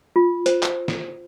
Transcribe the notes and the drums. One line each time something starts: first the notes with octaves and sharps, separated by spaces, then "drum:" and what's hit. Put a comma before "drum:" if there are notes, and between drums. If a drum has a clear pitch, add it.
F4
C5, drum: hi-hat
drum: clap
drum: snare